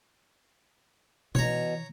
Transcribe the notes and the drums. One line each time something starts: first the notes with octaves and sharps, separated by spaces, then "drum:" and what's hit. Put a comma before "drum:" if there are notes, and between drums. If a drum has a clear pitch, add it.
B2 E3 C#5 A#5, drum: tom B2